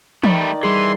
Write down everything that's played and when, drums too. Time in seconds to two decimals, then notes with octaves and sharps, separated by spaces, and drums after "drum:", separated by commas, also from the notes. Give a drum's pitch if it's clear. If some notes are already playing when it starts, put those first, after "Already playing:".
0.24 D#3 G3 A3 D5, drum: tom
0.63 E3 G3 G#4 C6